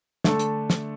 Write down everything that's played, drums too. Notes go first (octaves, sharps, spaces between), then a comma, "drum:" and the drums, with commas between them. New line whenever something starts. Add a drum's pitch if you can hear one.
D3 A3 D4 A4, drum: snare
drum: hi-hat
drum: snare